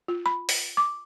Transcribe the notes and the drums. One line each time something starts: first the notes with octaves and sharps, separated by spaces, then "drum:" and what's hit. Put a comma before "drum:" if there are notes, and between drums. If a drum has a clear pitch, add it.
F4
B5
drum: open hi-hat
D6